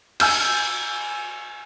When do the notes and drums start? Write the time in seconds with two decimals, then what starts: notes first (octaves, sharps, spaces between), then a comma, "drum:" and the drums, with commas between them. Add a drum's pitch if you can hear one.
0.20 G#5 E6 G6, drum: cymbal